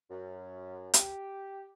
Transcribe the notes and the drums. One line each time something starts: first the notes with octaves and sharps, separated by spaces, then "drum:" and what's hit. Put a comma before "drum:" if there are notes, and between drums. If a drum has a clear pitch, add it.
F#2
G4, drum: hi-hat